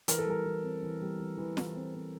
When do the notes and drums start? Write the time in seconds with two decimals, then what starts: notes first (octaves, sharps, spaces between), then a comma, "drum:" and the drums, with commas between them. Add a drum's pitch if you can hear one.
0.08 E3 A#4, drum: hi-hat
0.18 A4
0.26 G3 A#4
0.46 E3
0.63 C4
0.83 E3
1.02 G3
1.20 E3
1.38 E3
1.57 E3, drum: snare
1.75 C4
1.94 C4